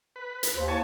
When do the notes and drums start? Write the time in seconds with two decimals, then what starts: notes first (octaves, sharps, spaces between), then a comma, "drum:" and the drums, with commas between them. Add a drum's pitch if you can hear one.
0.16 B4
0.43 drum: hi-hat
0.55 D#2 C5
0.68 E4 G#5 A5 C#6